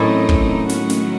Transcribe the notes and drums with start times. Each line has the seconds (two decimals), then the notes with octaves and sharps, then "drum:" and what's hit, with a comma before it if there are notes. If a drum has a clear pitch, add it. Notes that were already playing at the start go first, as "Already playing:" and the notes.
Already playing: F#2 A2 E3 C4 D#4
0.29 drum: kick
0.69 D#3 F#3 A3 C#4 F#4, drum: snare
0.90 drum: snare